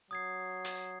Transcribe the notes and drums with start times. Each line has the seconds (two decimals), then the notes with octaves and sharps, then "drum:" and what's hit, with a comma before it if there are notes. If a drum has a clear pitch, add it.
0.11 F#3 D#6 G#6 C7
0.65 drum: open hi-hat